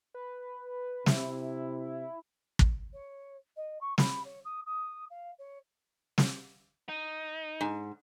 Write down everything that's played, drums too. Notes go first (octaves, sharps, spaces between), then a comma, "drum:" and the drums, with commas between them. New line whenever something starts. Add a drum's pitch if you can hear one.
B4
C3 E4, drum: snare
drum: kick
C#5
D#5
C#6
B5, drum: snare
C#5
D#6
D#6
F5
C#5
drum: snare
D#4
G#2